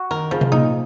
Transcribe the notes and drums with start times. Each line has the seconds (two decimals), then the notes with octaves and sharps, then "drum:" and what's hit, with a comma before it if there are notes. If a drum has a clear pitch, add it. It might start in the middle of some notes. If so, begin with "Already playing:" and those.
Already playing: F#4
0.11 D#3 A#4
0.31 C#3 F3
0.41 drum: tom C3
0.52 A#2 D#4